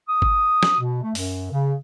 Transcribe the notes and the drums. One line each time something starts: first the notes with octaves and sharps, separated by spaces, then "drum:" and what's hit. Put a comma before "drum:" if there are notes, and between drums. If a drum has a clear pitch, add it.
D#6
drum: kick G#1
drum: snare
B2
A3
F#2, drum: open hi-hat
C#3